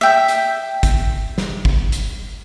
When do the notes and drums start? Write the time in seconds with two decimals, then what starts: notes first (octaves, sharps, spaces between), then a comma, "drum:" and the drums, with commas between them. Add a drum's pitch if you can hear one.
0.01 E5 G5
0.28 drum: hi-hat
0.83 drum: kick, hi-hat
1.38 drum: snare
1.65 drum: kick
1.92 drum: hi-hat